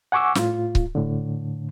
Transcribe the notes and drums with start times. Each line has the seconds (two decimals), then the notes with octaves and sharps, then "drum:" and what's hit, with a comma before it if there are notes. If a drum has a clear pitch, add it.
0.12 F#5 G#5 C#6 D6 E6
0.35 A2 F4, drum: snare
0.75 drum: kick C#1
0.95 A2 D3